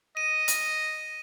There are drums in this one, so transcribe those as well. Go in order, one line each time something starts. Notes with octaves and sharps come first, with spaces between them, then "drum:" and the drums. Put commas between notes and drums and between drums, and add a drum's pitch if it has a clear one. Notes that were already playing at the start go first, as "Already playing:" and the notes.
D#5 D#7
drum: hi-hat